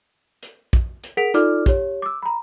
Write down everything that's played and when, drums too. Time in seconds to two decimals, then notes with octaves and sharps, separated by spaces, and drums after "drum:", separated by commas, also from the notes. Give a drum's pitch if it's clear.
0.43 drum: hi-hat
0.73 drum: kick A#1, hi-hat
1.04 drum: hi-hat
1.17 G#4 A#4 F#5 B6 D7 F7
1.34 D#4 F4 A4 D5 D6 F6, drum: hi-hat
1.66 G4 C#5, drum: kick A#1, hi-hat
2.02 D6 E6
2.23 A#5 B5